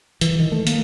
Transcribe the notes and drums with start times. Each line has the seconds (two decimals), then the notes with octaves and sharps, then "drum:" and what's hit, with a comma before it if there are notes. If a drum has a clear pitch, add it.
0.21 E3, drum: hi-hat
0.39 D#3
0.52 A3
0.67 A#3, drum: hi-hat